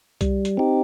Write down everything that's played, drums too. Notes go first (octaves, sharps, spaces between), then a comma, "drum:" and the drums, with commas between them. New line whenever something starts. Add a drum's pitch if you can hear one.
G3, drum: kick C2, hi-hat
drum: hi-hat
C4 D#4 G4